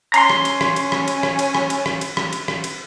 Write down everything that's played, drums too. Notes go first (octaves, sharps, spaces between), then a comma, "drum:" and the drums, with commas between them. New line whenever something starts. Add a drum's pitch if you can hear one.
C#4 A#5 C6, drum: cymbal
drum: rim click
drum: cymbal
drum: rim click
drum: cymbal
drum: rim click
drum: cymbal
drum: rim click
drum: cymbal
drum: rim click
drum: cymbal
drum: rim click
drum: cymbal
drum: rim click
drum: cymbal
drum: rim click
drum: cymbal